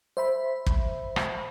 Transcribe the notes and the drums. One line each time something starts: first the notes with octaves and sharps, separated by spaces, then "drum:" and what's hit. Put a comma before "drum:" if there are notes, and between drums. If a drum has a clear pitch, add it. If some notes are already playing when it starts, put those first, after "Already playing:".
C5 E5 B5
drum: kick
drum: rim click